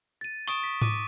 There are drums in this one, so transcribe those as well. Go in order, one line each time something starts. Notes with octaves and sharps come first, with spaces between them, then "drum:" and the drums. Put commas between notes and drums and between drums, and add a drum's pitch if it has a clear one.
A6 D#7
C#6 D#6 D7 E7, drum: hi-hat
B6
D6 D#7, drum: tom G#2